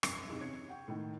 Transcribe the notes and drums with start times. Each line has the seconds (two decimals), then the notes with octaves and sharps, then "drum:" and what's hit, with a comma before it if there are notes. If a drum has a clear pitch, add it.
0.03 E1 F#2 C7 C#7, drum: rim click
0.28 B1 E2 C3
0.40 C3 C#4 G#6 C#7
0.55 C#7
0.68 F#5 G5 C#6
0.88 A2 D#3 A3